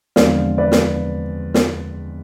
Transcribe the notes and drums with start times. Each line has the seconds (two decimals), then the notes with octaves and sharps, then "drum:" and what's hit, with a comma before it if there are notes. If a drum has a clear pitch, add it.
0.16 E2 D3 F3 G#3 C4 D5 F5, drum: snare
0.58 B4 D5
0.72 drum: snare
1.54 drum: snare